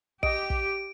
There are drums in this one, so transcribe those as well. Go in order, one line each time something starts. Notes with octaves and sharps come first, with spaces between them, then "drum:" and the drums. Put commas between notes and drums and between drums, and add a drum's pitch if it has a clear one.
G4 D#5 D7, drum: kick
drum: kick